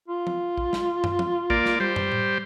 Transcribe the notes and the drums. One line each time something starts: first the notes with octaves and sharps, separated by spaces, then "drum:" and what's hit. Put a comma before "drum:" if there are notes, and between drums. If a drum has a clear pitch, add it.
F4
drum: tom F3
drum: kick A#1
drum: snare
drum: tom
drum: tom F3
A#3 D5, drum: kick A#1
drum: snare
G3 C5
drum: tom
drum: tom A2